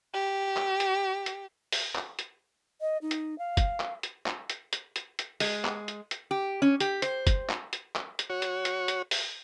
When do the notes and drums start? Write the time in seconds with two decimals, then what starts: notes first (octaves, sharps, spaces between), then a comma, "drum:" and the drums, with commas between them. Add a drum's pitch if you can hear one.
0.14 G4
0.57 drum: clap
0.80 drum: hi-hat
1.26 drum: hi-hat
1.72 drum: open hi-hat
1.96 drum: clap
2.19 drum: hi-hat
2.81 D#5
3.02 D#4
3.11 drum: hi-hat
3.38 F5
3.57 drum: kick, hi-hat
3.80 drum: clap
4.03 drum: hi-hat
4.26 drum: clap
4.50 drum: hi-hat
4.73 drum: hi-hat
4.96 drum: hi-hat
5.19 drum: hi-hat
5.40 G#3, drum: open hi-hat
5.65 drum: clap
5.88 drum: hi-hat
6.11 drum: hi-hat
6.31 G4
6.62 C#4
6.80 G4, drum: hi-hat
7.02 C5, drum: hi-hat
7.27 drum: kick, hi-hat
7.50 drum: clap
7.73 drum: hi-hat
7.96 drum: clap
8.19 drum: hi-hat
8.30 F#4 C#5
8.42 drum: hi-hat
8.65 drum: hi-hat
8.88 drum: hi-hat
9.11 drum: open hi-hat